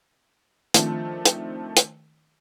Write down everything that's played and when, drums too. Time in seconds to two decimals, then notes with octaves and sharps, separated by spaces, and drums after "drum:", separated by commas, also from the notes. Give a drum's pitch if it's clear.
0.74 D#3 F3 A3 C4 D4, drum: hi-hat
1.25 drum: hi-hat
1.77 drum: hi-hat